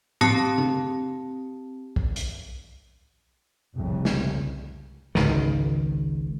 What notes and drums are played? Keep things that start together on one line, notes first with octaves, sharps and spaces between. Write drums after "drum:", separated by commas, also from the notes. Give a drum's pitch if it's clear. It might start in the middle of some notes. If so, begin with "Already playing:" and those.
C4 G4 A5 D#6, drum: tom G#2
drum: tom C3
drum: kick
drum: hi-hat
F1 C2 F2 C#3
drum: snare
G#1 C#2 D#3, drum: snare